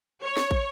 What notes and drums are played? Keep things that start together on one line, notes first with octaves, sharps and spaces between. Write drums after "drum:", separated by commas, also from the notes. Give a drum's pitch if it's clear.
C#5
drum: snare
drum: kick